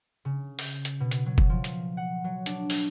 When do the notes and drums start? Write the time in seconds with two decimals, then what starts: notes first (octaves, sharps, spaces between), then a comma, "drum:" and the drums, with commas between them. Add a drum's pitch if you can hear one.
0.25 C#3
0.59 G6, drum: open hi-hat
0.85 drum: hi-hat
1.00 B2
1.11 drum: hi-hat
1.26 F#3
1.38 drum: kick F#1
1.50 F3
1.64 drum: hi-hat
1.97 F#5
2.24 F#3
2.46 D4, drum: hi-hat
2.70 drum: open hi-hat